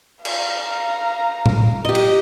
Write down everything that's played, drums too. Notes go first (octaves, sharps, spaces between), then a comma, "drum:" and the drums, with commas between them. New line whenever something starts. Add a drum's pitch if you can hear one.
F5 A#5, drum: cymbal
drum: tom A2
G4 D#5
drum: cymbal